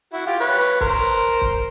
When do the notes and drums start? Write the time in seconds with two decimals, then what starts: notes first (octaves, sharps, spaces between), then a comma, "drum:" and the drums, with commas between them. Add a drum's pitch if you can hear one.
0.13 E4 F#4
0.26 F4 G4
0.40 B4 C#5
0.60 drum: hi-hat
0.81 A#4 C5, drum: kick C#1
1.41 drum: kick C#1